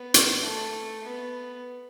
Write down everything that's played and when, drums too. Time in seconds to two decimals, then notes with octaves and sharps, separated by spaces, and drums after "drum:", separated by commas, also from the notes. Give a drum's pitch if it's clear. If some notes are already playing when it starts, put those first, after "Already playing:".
Already playing: B3
0.14 drum: hi-hat
0.41 A3
1.03 B3